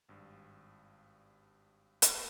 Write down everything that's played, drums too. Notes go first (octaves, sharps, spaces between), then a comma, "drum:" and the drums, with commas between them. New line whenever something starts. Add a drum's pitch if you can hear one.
G#1 G2
drum: hi-hat